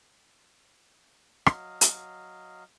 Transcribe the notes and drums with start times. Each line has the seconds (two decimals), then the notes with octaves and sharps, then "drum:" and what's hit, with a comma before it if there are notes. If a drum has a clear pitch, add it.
1.46 F#3 D#5 F5, drum: rim click
1.81 drum: hi-hat